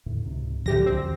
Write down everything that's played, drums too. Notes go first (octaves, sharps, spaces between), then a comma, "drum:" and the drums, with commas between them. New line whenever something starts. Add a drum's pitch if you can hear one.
E2 A2 D3
C#2 G#2 C3
D2 A2 F3 F#3 G4 A#6, drum: kick
C#2 C4
E2 D3 E3